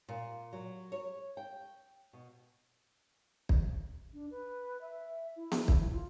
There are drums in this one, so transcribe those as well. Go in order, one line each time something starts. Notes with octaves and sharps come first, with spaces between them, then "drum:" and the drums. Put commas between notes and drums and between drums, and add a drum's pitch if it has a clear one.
A#2
F#3
C#5
G5
B2
drum: kick
D4
B4
E5
E4
drum: snare B3
drum: kick
F4